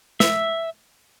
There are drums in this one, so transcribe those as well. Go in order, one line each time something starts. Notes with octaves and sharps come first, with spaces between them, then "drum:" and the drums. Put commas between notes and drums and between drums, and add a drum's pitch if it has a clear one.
E5, drum: snare